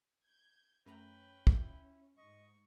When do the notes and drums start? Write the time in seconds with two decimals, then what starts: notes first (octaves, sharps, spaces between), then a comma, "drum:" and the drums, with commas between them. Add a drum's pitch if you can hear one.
0.24 G6 G#6
0.86 F#2 A3 C#4 B4 G5 A#5
1.47 E4 F4, drum: kick
2.17 G#2 D#5 C#6